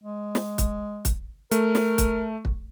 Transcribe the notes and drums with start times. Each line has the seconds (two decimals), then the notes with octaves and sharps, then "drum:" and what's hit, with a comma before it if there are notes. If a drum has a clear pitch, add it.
0.03 G#3
0.35 drum: snare
0.58 drum: kick, hi-hat
1.05 drum: kick, hi-hat
1.51 A3 A#4, drum: hi-hat
1.75 drum: snare
1.98 drum: kick, hi-hat
2.45 drum: kick